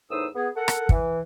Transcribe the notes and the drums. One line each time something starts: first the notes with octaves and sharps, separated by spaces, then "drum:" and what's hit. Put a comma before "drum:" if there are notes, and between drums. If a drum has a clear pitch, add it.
E2 A2 D#4 C5 D#6 E6
B3 G#4
A4 A#4 F#5
drum: rim click
E3, drum: kick